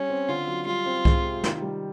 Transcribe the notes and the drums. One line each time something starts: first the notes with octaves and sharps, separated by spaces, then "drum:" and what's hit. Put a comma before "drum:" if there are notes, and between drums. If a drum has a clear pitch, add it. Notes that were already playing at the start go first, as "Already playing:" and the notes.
Already playing: G3 C#4
C4
D3 F4
F#3
G3 F4
C4
G#3, drum: kick C2
C3
D#3, drum: snare
G3